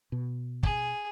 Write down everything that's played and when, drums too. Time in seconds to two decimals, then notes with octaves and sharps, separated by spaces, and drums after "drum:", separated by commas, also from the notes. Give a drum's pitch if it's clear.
0.12 B2
0.63 G#4, drum: kick